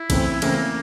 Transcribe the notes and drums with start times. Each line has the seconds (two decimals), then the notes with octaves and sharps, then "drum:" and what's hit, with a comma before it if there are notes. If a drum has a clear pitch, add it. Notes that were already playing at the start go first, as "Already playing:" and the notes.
Already playing: E4
0.10 C#3 E3 A3 C4, drum: kick, cymbal
0.42 C#3 E3 A3 A#3 C4, drum: cymbal